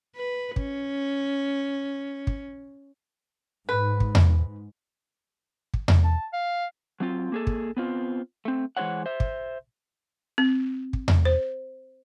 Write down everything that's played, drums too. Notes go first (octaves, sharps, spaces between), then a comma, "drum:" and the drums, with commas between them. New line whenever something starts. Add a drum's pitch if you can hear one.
B4
C#4, drum: kick
drum: kick
G#2 B4
drum: kick
drum: tom E2
drum: kick
drum: tom E2
A5
F5
F#3 C4 F4
A#3 G#4 A4
drum: kick
B3 C4 F4
A3 C4
E3 G#3 E4 C5 C#5 F#5
C5 E5
drum: kick
C4
drum: kick
drum: tom E2
C5